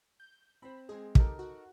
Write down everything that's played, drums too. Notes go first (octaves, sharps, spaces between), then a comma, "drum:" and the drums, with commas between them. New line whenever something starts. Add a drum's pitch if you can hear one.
G6
C4 C5 B5
G#3 C4 G#4
D#4 G4 A4 A#4, drum: kick
F#4